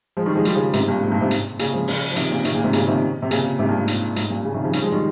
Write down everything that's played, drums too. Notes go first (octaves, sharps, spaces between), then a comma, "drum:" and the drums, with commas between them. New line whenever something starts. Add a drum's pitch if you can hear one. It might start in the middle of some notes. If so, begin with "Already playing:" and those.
F3 G#3
D#3 G3
F3 G#3
D#3 G3, drum: hi-hat
C#3 F3
G#2 C3, drum: hi-hat
G2 A#2
G#2
G2 A#2
G#2 C3
drum: hi-hat
A#2 C#3, drum: hi-hat
F3 G#3
C#3 F3, drum: open hi-hat
F3
C3 D#3, drum: hi-hat
A#2 C#3
C3 D#3, drum: hi-hat
A#2 C#3
G#2 C3
A#2 C#3, drum: hi-hat
C3 D#3
C3
A#2 C#3, drum: hi-hat
G#2 C3
G2 A#2
G#2
drum: hi-hat
G#2, drum: hi-hat
G2 A#2
A#2 C#3
C3 D#3
C#3 F3
D#3 G3, drum: hi-hat
F3 G#3
D#3 G3